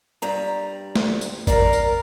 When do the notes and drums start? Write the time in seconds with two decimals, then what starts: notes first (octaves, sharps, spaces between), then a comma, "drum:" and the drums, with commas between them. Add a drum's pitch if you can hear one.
0.22 G2 G3 A#5
0.96 drum: snare
1.21 drum: tambourine
1.47 A#4 D5 F5 A#5, drum: kick, tambourine
1.73 drum: tambourine